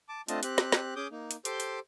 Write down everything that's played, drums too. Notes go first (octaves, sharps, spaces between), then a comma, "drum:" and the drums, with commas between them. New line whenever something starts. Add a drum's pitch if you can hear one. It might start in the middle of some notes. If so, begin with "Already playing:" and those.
A5 D6
A3 C4 D4 F4 D#5 A5, drum: hi-hat
C4 G4 F#6, drum: hi-hat
drum: snare
drum: snare
C#4 G#4 D6 D#6 G6
A#3 D#4
drum: hi-hat
G4 A4 C5 C6 D6 G6, drum: hi-hat
drum: hi-hat